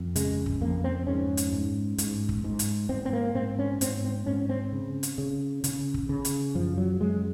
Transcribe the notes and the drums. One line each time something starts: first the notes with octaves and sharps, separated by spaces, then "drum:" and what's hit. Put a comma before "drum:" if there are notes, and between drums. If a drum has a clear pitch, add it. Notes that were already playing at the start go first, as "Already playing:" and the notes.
Already playing: F2
C#3 G#3, drum: hi-hat
drum: kick
F2 A#3
C4
G#2 C#4
drum: hi-hat
G#2
G#2, drum: hi-hat
drum: kick
G#2
drum: hi-hat
G#2 C4
C4
A#3
G#2 C4
C#4
G#2 C4, drum: hi-hat
C4
G#2 C#4
C4
C#3
drum: hi-hat
C#3
C#3, drum: hi-hat
drum: kick
C#3
drum: hi-hat
F#2 F3
F#3
F#2 G#3